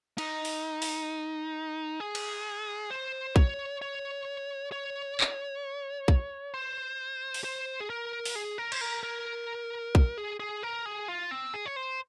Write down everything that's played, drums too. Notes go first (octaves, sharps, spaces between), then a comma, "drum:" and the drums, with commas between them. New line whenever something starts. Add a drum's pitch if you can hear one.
D#4, drum: cymbal
drum: open hi-hat
drum: open hi-hat
G#4
drum: cymbal
C5
C#5, drum: kick
C#5
C#5
drum: clap
drum: kick
C5
drum: open hi-hat
C5
G#4
A#4
drum: open hi-hat
G#4
A#4
C5, drum: cymbal
A#4
A#4
drum: kick
G#4
G#4
A#4
G#4
F4
C4
G#4
C#5
C5